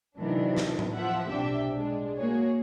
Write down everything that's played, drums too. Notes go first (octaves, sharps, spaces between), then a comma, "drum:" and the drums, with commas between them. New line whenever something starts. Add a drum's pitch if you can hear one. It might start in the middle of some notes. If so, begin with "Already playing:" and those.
C3 D#3 E3 F#3 D4
drum: snare
drum: tom A2
F3 E5 F#5
B1 C3 D4 G4 E5
G#3 D4
A#3 F#4 G#4 C#5